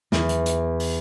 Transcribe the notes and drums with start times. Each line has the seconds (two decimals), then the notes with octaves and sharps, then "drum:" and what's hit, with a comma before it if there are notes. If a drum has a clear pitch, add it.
0.12 E2, drum: snare
0.29 drum: hi-hat
0.46 drum: hi-hat
0.80 drum: open hi-hat